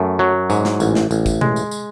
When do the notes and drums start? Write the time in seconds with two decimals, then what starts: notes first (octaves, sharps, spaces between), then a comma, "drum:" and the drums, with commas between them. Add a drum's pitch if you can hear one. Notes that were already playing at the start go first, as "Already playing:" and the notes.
Already playing: F#2 A3
0.19 F#3
0.50 G#2, drum: tambourine
0.65 drum: snare
0.80 A1, drum: tambourine
0.95 drum: snare
1.11 A1, drum: tambourine
1.26 drum: kick, tambourine
1.41 G#3, drum: tom B2
1.56 drum: tambourine
1.71 drum: tambourine